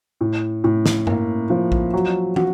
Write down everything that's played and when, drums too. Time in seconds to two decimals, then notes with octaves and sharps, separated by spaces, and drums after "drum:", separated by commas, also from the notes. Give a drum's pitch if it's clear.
0.21 A2
0.64 A2
0.86 drum: snare
1.07 A#3, drum: tom G2
1.50 F3
1.72 drum: kick A#1
1.93 F#3
2.36 F#4, drum: tom